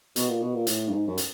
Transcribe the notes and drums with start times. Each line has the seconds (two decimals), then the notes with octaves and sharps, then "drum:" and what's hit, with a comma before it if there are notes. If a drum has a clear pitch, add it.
0.16 B2, drum: hi-hat
0.28 A#2
0.41 B2
0.54 A#2
0.67 A2, drum: hi-hat
0.88 G2
0.92 G#2
1.07 F#2
1.18 drum: hi-hat